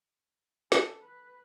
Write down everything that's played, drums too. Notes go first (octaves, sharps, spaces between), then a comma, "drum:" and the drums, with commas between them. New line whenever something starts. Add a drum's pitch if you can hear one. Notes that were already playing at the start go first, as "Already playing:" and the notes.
A4, drum: snare
B4